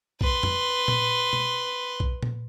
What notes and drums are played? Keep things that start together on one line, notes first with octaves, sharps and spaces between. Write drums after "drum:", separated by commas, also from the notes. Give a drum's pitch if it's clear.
B4 C6, drum: kick B1
drum: tom F2
drum: tom A#2
drum: tom B2
drum: kick B1
drum: tom A#2